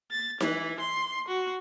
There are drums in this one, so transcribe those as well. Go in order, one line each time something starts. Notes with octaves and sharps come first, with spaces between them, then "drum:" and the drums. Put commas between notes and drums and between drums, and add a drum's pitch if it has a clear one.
A6
E3, drum: snare D#4
C6
F#4